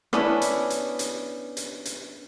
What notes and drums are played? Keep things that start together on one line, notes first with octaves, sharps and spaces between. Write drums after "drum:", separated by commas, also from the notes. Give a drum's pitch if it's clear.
B3 C#4 D4 E4, drum: rim click
drum: hi-hat
drum: hi-hat
drum: hi-hat
drum: hi-hat
drum: hi-hat